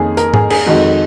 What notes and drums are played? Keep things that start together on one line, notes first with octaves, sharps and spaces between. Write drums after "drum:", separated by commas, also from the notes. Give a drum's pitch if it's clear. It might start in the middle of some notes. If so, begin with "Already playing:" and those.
Already playing: F2 D#3 A#3 C#4 G#4
A#4, drum: hi-hat
G#4, drum: tom G#2
G#4, drum: cymbal
F2 D#3 G#3 F#4